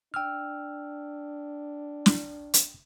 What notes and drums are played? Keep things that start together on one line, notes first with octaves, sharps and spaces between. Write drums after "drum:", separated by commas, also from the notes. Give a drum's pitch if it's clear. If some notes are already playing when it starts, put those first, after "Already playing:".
D4 G5 E6 F6
drum: snare
drum: hi-hat